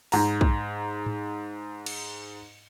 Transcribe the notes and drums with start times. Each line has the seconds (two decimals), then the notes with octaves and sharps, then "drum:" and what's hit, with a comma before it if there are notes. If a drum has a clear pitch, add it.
0.12 G#2 A#5, drum: open hi-hat
0.41 drum: kick
1.06 drum: tom G#2
1.86 drum: cymbal